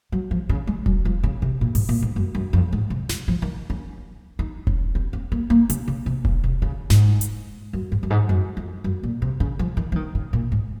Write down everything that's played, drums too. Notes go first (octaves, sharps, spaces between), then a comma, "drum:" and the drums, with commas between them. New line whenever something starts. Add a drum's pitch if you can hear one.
F#3
F3
C#3
G#3
F#3, drum: kick E1
F3
C#3
C3
A#2
G#2, drum: open hi-hat
A#2
G#2
F#2
F#2
F2
G#2
C3
C#3, drum: snare
F3
D#3
C#4
D#4
C#4, drum: kick E1
C4
C4
A#3
A#3
C#3, drum: hi-hat
C#3
C3
C#3, drum: kick E1
C3
C#3
G#2, drum: snare
drum: hi-hat
F#2
G#2
F#2
G#2
F#2
F2
F#2
A#2
C3
C#3
F3
D#3
F3
D#3
C#3
A#2
G#2